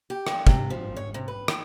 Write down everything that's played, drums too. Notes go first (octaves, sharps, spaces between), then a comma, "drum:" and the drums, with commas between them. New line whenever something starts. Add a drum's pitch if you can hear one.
G4
G2, drum: rim click
C3, drum: kick
F3
C#5
C3
B4
D#3, drum: rim click